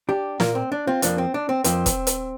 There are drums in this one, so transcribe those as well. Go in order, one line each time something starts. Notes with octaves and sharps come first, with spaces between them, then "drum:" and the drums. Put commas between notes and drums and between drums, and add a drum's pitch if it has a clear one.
D4 G4
A#2 A#3 F4 A#4, drum: snare
C4
D4
C4 F4
F2 F3 A#3 D4, drum: hi-hat
C4
D4
C4
F2 F3 A#3 C4, drum: hi-hat
drum: kick, hi-hat
drum: hi-hat